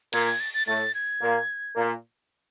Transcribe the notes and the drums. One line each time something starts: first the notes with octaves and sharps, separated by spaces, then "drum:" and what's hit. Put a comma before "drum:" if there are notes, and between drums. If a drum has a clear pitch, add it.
A#2 A#3 G#6, drum: cymbal
G#6
A6
A6
A2 A3 A6
G#6
A#2 A#3
A#2 A#3